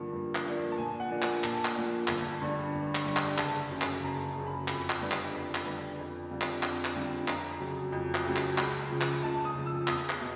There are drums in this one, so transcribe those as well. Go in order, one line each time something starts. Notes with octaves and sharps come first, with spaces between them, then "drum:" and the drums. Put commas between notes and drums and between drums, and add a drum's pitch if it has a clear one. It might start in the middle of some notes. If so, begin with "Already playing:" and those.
Already playing: G2 D3 F3 A#3 D4
G2
drum: clap
D3 F3 A#3 D4
A5
A#2 G#5
F#5
F3 A#3 D4
G#5, drum: clap
A#2 A5, drum: clap
drum: clap
F3 A#3 D4
G1, drum: clap
G2 D3 G3
G1
drum: clap
G2 D3 G3
drum: clap
F#1 A5, drum: clap
F#2 C#3
drum: clap
F#1 A#5
F#2 C#3
B5
F2 B5, drum: clap
drum: clap
D3 G3 B3 D4
drum: clap
F2
drum: clap
D3 G3 B3 D4
F2
D3 G3 C4 F4
drum: clap
F2, drum: clap
drum: clap
D3 G3 C4 F4
F2 A#5, drum: clap
C#3 F#3
F2
drum: clap
C#3 F#3
drum: clap
C#2 B5, drum: clap
C#3 F3
drum: clap
C#2 A5
D#6
C#3 F3
E6
E2 D#6, drum: clap
drum: clap
B2